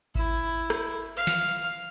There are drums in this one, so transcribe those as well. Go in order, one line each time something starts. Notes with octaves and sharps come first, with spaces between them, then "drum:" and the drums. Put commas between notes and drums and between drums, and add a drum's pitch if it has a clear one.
E4, drum: kick G#1
drum: rim click
F5
drum: snare